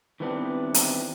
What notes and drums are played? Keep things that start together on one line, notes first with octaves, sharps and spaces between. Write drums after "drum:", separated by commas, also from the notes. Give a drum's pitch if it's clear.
D#3 E3 G3 B3 C4 D4
drum: hi-hat